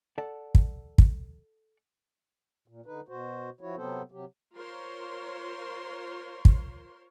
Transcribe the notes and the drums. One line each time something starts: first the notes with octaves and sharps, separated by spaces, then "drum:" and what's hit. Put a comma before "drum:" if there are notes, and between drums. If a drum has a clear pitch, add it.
A4 D5 F#5 A5
drum: kick
drum: kick
A#2
D3 D#4 B4
B2 F#4 C5
F3 E4 F#4 C#5
C3 F#3 B3 C4 A4 C5
C3 F#3 G4
F4 A#4 C5 C#5 C6
drum: kick